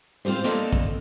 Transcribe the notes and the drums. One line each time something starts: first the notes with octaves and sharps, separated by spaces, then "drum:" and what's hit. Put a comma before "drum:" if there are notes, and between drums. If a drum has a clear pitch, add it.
C4 F4 G4 G#4 C5
A#3 C4 D4 D#4 A4, drum: hi-hat
drum: kick